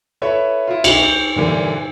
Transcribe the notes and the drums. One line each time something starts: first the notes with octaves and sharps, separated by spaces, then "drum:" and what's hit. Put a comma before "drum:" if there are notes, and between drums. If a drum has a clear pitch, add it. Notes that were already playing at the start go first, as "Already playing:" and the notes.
E4 A4 B4 C#5 E5
E4 F4
B1 F#3 E4 B4 C7, drum: cymbal
G6
G2 A#2 D3 E3 A#3